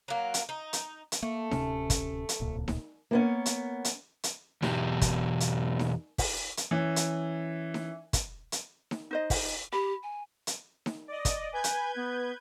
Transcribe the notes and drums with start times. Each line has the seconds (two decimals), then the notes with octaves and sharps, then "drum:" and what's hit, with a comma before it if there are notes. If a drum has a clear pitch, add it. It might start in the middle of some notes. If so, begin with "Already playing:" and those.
0.08 F#3 A#3
0.34 drum: hi-hat
0.49 D#4
0.73 drum: hi-hat
1.12 drum: hi-hat
1.23 A3 A#3
1.51 D1 C3 C#4, drum: snare D#4
1.90 drum: kick, hi-hat
2.29 drum: hi-hat
2.40 D1 C2 A#2
2.68 drum: snare D#4
3.11 A#3 B3 C#4
3.46 drum: hi-hat
3.85 drum: hi-hat
4.23 drum: hi-hat
4.62 E2 B2 G4, drum: snare D#4
5.01 drum: kick, hi-hat
5.40 drum: hi-hat
5.79 drum: snare D#4
6.18 drum: kick, open hi-hat
6.57 drum: hi-hat
6.71 E3 C#4
6.96 drum: hi-hat
7.74 drum: snare D#4
8.13 drum: kick, hi-hat
8.52 drum: hi-hat
8.91 drum: snare D#4
9.11 D#4 C5 D#5
9.30 drum: kick, open hi-hat
9.73 G4 B5
10.03 G#5
10.47 drum: hi-hat
10.86 drum: snare D#4
11.08 D5 D#5
11.25 drum: kick, hi-hat
11.53 B4 G#5 G6 G#6
11.64 drum: hi-hat
11.96 B3